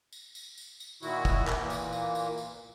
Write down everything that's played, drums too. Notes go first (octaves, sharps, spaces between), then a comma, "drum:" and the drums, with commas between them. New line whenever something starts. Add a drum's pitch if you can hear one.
drum: tambourine
drum: tambourine
drum: tambourine
drum: tambourine
A#2 D#3 E4 F#4, drum: tambourine
drum: kick F1, tambourine
drum: clap
A#2 E3 A#3
drum: tambourine
drum: tambourine
drum: tambourine
drum: tambourine